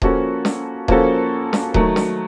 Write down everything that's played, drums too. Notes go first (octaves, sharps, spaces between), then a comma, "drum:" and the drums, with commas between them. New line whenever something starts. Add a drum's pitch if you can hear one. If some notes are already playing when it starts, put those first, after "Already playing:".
F3 A#3 C#4 F#4 A4, drum: kick D#1
drum: snare
F3 A#3 C#4 F#4 A4, drum: kick D#1
drum: snare
D#3 F#3 A3, drum: kick D#1
drum: snare